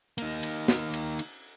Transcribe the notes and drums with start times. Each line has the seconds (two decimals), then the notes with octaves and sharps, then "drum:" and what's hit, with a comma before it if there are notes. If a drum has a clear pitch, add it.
0.18 A#3 D#4, drum: cymbal
0.43 drum: cymbal
0.68 drum: snare
0.94 drum: cymbal
1.19 drum: cymbal